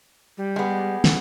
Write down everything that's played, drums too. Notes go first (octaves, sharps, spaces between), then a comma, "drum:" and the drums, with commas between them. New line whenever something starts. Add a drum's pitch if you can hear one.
G3
G#3 B3
drum: snare